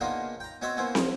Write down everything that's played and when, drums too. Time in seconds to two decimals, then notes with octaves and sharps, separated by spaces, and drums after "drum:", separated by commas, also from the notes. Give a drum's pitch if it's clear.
0.01 C#3 A#3 B3 D4 D#4 F4
0.40 G5 A#5
0.62 B3 C4 F#4 C#5 D#5 E5
0.77 A#3 B3 C#4 E4 C5
0.95 F3 D#5, drum: snare